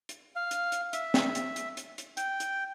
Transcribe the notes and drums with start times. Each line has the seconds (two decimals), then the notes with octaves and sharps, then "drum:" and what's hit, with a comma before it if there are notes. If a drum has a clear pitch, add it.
0.09 drum: hi-hat
0.36 F5
0.51 drum: hi-hat
0.72 drum: hi-hat
0.93 E5, drum: hi-hat
1.14 drum: snare
1.35 drum: hi-hat
1.56 drum: hi-hat
1.77 drum: hi-hat
1.98 drum: hi-hat
2.17 G5, drum: hi-hat
2.40 drum: hi-hat